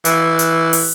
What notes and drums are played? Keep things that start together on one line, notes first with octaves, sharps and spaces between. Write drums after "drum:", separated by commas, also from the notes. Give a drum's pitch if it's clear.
E3, drum: hi-hat
drum: hi-hat
drum: open hi-hat